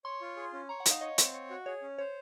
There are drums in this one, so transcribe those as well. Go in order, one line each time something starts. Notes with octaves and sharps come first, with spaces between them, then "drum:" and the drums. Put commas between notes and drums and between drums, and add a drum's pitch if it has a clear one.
C#5 C6
F4
G#4
C#4
C#5 A#5
F#5
D#4 F5, drum: hi-hat
C#5 D#5
C4, drum: hi-hat
C#5
F#4
G#4 C#5
C#4
C5 C#5